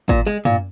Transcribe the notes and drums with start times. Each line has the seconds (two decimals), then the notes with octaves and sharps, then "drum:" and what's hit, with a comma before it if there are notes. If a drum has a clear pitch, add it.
0.09 A#2, drum: kick G#1
0.27 G#3
0.45 A#2, drum: tom